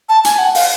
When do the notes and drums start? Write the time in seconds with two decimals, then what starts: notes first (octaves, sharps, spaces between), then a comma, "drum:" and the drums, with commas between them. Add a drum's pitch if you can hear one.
0.09 A5
0.25 G#5, drum: hi-hat
0.39 F#5
0.55 F5, drum: open hi-hat